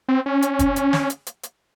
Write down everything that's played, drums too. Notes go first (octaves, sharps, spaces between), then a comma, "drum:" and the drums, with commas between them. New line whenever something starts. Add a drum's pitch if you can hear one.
C4
C#4
drum: hi-hat
drum: kick, hi-hat
drum: hi-hat
drum: snare
drum: hi-hat
drum: hi-hat
drum: hi-hat